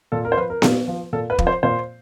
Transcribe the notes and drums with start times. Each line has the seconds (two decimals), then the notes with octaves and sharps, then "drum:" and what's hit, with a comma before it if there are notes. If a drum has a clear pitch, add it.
0.12 A#2 A4
0.25 A#4
0.32 C5
0.37 F3 B4
0.50 A#4
0.62 A#2, drum: snare B3
0.88 F3
1.13 A#2 A4
1.30 B4
1.39 F3, drum: kick
1.47 C5
1.63 A#2 C5